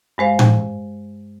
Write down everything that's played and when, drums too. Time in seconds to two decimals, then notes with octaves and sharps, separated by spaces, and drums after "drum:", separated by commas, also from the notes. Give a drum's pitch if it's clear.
0.18 G2 G#3 C5 F5
0.39 drum: tom A2